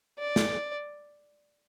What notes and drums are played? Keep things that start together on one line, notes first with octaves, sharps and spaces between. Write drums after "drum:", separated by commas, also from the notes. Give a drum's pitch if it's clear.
D5
drum: snare